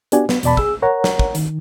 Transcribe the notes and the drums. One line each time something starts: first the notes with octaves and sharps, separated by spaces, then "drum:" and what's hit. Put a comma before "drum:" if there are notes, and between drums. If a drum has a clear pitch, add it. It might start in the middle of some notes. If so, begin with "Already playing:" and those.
B3 D4 F#4 G4 D5 G#5, drum: hi-hat
B3, drum: snare
E2 B2 D5 A5 B5, drum: hi-hat
G#4 E6, drum: kick
A#4 C#5 F#5 A#5
drum: snare
drum: kick
D#3, drum: hi-hat